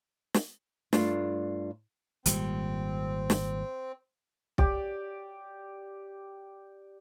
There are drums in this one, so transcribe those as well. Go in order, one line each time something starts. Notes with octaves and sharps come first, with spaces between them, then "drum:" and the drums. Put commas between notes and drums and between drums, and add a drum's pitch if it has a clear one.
drum: snare
G2 A3 D4 F4, drum: snare
G#1 A#2 G3 C4, drum: hi-hat
drum: snare
G4 D5, drum: kick B1